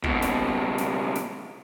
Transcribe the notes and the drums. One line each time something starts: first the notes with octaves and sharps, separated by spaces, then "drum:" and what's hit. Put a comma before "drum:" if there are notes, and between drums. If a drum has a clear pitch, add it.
C#2 B2, drum: kick
drum: snare
drum: snare
drum: snare